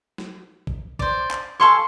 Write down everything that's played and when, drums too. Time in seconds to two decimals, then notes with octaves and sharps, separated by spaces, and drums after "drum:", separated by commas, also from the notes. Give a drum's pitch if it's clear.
0.18 drum: snare
0.67 drum: kick
0.99 C5 D5, drum: kick
1.31 drum: clap
1.60 A4 F5 G#5 C6 C#6